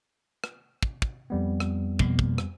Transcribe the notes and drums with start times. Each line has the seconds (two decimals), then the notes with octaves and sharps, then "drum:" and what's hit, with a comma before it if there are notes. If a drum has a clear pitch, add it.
0.44 drum: rim click
0.83 drum: kick
1.02 drum: kick
1.30 F2 G3 B3
1.60 drum: rim click
1.99 B2 F3 A#3, drum: kick
2.19 drum: kick
2.38 drum: rim click